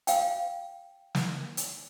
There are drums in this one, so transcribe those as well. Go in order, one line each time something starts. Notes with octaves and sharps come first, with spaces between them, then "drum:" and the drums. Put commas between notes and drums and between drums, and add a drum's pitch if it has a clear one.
F5 G5, drum: hi-hat
drum: snare
drum: hi-hat